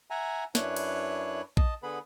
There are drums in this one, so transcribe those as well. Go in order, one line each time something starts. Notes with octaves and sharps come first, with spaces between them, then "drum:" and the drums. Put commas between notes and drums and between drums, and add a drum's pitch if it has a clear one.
E5 F#5 G#5 A#5
F#2 D4 E4 B4 C#5 F#6, drum: snare
drum: cymbal
D#5 A5, drum: kick A#1
D3 B3 G#4 B4 B5